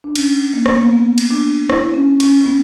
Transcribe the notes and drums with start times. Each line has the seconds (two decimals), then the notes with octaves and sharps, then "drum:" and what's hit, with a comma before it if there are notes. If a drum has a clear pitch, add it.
0.04 D4
0.15 C#4, drum: cymbal
0.54 A#3
0.66 B3, drum: rim click
0.77 A#3
0.93 B3
1.18 drum: cymbal
1.30 D4
1.70 E4, drum: rim click
1.94 C#4
2.20 C#4, drum: cymbal
2.41 C#4
2.46 B3